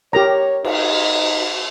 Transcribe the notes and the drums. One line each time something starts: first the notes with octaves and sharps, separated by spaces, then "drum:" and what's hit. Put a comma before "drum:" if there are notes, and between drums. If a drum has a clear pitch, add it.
G4 A#4 C#5 A#5
D#4, drum: cymbal